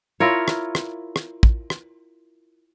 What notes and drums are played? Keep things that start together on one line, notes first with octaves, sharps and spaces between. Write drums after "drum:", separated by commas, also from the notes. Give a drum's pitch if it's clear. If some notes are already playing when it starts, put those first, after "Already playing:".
E4 F4 A#4 C#5
drum: rim click
drum: rim click
drum: rim click
drum: kick
drum: rim click